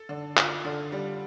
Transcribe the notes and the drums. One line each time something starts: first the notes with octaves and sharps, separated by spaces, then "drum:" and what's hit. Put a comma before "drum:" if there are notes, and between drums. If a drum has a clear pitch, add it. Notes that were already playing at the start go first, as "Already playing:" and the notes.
Already playing: A4
D3
F4, drum: clap
D3
G3